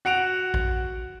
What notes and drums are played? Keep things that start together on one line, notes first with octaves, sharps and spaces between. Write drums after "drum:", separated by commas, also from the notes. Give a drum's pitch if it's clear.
F#4 F#5 D7 F7
drum: kick A#1